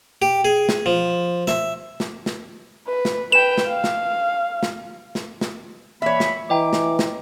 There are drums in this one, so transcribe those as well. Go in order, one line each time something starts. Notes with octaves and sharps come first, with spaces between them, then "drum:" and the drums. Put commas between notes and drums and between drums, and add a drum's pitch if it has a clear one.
G4
G#4
drum: snare
F3
E5, drum: snare
drum: snare
drum: snare
B4
drum: snare
B4 G5 E7
drum: snare
F5
drum: snare
drum: snare
drum: snare
drum: snare
E3 A#3 C#5 E5 B5
drum: snare
E3 D#5 G5 A#5 D6
drum: snare
drum: snare